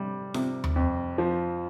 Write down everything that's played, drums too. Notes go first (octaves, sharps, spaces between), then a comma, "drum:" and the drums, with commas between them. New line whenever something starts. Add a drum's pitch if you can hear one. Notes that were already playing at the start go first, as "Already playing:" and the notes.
Already playing: C3 G3
C3, drum: snare F4
drum: tom D#2
F2
F3